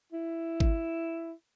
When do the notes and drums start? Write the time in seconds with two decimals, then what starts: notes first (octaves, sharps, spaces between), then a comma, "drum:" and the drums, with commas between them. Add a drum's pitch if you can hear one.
0.12 E4
0.60 drum: kick G#1